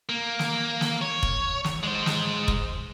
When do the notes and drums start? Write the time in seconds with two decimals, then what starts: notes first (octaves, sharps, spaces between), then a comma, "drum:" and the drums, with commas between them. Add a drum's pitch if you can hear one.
0.09 A#3
0.39 drum: snare
0.81 drum: snare
1.02 C#5
1.23 drum: kick F1
1.64 drum: snare
1.83 G#3 C5
2.06 drum: snare
2.48 drum: kick F1